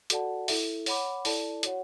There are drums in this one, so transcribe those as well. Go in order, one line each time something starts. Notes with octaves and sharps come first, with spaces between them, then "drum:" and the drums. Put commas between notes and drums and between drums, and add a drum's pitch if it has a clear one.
F#4 A4 D5 F#5 A5, drum: hi-hat
E4 A4 E5, drum: open hi-hat
C#5 F#5 B5 D6, drum: open hi-hat
E4 A4 D5 A5, drum: open hi-hat
F#4 C#5 F#5, drum: hi-hat